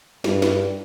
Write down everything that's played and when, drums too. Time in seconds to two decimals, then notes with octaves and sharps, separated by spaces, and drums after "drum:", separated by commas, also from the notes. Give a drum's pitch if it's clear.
0.24 G2, drum: snare
0.42 drum: snare